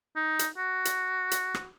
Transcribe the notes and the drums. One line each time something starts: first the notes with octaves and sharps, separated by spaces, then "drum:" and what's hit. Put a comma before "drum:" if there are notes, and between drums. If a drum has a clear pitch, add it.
D#4
drum: hi-hat
F#4
drum: hi-hat
drum: hi-hat
drum: rim click